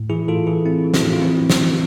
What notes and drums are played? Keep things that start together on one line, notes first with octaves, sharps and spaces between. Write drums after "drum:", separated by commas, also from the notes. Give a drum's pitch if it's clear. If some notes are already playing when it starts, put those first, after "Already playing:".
Already playing: A2
E3 E4 G#4
A2 F4 A4
E3 E4 G#4
A2 C4 E4
E3
drum: snare
A2
F4
E3 C4 E4
A2
drum: snare
E3